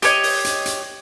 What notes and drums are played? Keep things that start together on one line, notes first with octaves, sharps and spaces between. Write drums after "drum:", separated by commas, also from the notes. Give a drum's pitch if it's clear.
G4 A4 C#5 D#5, drum: hi-hat
drum: open hi-hat
drum: hi-hat
drum: hi-hat